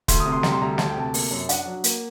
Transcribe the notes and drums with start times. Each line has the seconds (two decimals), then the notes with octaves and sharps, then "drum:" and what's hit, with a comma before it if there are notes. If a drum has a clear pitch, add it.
0.08 D2 C6, drum: kick, hi-hat
0.20 D#6
0.26 C3
0.32 C6
0.43 G3 A#5, drum: snare
0.52 C6
0.62 D2 A#5
0.78 D2 A5, drum: snare
0.90 G5
0.96 C3 A5
1.14 A#3, drum: open hi-hat
1.31 F#2
1.49 D4 F#5, drum: hi-hat
1.66 F#3
1.84 A#3, drum: hi-hat